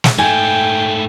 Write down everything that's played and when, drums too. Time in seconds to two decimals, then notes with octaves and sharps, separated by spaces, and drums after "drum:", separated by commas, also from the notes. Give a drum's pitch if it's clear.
0.04 drum: snare
0.19 G#2 A3 G5 G#5